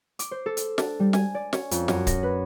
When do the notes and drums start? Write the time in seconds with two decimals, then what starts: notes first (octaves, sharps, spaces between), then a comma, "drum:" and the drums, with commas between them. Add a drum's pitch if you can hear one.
0.19 D6, drum: hi-hat
0.31 C5
0.46 A4
0.57 drum: hi-hat
0.78 D4, drum: snare
1.00 G3
1.13 G#5, drum: snare
1.35 D5
1.53 C#4, drum: snare
1.71 F2, drum: hi-hat
1.88 F#2, drum: snare
2.07 A#6, drum: kick C#1, hi-hat
2.23 B4